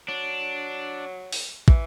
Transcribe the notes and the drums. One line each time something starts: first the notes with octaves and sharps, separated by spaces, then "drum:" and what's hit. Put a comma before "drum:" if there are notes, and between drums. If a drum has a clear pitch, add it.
F#3 D4
drum: open hi-hat
E3, drum: kick